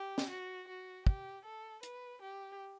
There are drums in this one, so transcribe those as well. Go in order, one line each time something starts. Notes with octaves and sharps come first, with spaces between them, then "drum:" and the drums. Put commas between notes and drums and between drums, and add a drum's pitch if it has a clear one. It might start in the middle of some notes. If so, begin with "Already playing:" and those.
Already playing: G4
drum: snare
F#4
F#4
G4, drum: kick
A4
B4, drum: hi-hat
G4